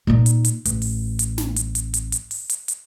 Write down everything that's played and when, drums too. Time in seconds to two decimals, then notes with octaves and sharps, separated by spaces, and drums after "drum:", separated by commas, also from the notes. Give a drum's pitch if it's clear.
0.07 A#2 D#4
0.26 drum: hi-hat
0.45 drum: hi-hat
0.65 A1, drum: hi-hat
0.82 drum: open hi-hat
1.19 drum: hi-hat
1.38 drum: snare
1.56 drum: hi-hat
1.75 drum: hi-hat
1.94 drum: hi-hat
2.12 drum: hi-hat
2.31 drum: open hi-hat
2.49 drum: hi-hat
2.68 drum: hi-hat